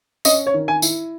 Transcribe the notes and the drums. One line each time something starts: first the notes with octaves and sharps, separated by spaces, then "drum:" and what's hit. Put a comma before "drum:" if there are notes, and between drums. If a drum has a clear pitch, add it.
C#4 D#5, drum: tambourine
C#5
D#3
G#5
E4, drum: tambourine